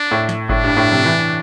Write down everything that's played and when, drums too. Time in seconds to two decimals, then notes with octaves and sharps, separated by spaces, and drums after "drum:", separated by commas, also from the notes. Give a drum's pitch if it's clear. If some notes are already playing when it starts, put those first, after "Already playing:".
Already playing: D4
0.11 A2
0.29 drum: snare
0.49 A2 D4, drum: kick G1
0.64 G2
0.77 A2
0.91 C3, drum: tom E3
1.05 E3